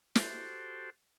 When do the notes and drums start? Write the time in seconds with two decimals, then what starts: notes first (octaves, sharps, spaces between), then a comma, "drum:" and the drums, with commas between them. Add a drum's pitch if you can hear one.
0.15 F#4 G4 A4 C5, drum: snare